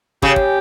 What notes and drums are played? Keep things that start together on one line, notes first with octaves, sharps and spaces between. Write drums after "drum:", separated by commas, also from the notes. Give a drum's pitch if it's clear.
C#3 G4, drum: kick
drum: kick